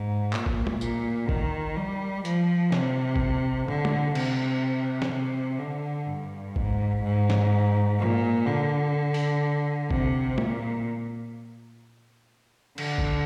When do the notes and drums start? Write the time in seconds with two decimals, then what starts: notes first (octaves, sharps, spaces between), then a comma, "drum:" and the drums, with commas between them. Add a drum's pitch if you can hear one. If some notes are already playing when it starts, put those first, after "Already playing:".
Already playing: G#2
0.33 A#2, drum: clap
0.46 drum: kick A1
0.67 drum: tom
0.81 A#2, drum: tambourine
1.29 D#3, drum: kick A1
1.76 G3
2.25 F3, drum: hi-hat
2.72 C3, drum: snare
3.16 drum: kick A1
3.68 D3, drum: tom
3.85 drum: tom
4.15 C3, drum: cymbal
5.02 drum: snare
5.12 C3
5.59 D3
6.07 G2
6.56 G#2, drum: kick A1
7.04 G#2
7.30 drum: snare
7.98 A#2
8.46 D3
9.14 drum: open hi-hat
9.91 C3, drum: kick A1
10.38 A#2, drum: tom
12.78 D3, drum: cymbal
12.98 drum: kick A1